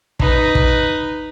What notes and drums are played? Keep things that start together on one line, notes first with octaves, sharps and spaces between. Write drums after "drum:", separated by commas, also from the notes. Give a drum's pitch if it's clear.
D#4 B4, drum: kick
drum: kick